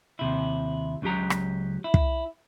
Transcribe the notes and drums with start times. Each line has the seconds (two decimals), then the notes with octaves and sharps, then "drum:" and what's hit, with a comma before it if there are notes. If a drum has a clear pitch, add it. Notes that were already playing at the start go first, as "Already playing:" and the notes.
0.19 D#2 C3 E4
1.02 C#2 C#3 F#3 G4 A#5
1.30 drum: rim click
1.84 E4
1.94 drum: kick